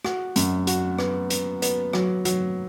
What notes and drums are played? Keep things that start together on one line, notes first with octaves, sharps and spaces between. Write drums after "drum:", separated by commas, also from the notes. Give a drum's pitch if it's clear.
F#4, drum: rim click
F#2, drum: hi-hat
F#4, drum: hi-hat
B3, drum: rim click
B3, drum: hi-hat
B3, drum: hi-hat
F#3, drum: rim click
F#3, drum: hi-hat